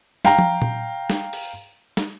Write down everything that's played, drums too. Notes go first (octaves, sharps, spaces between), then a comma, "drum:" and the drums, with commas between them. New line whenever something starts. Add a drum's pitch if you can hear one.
F5 G5 A#5, drum: snare
drum: tom F3
drum: tom A#2
drum: snare
drum: open hi-hat
drum: snare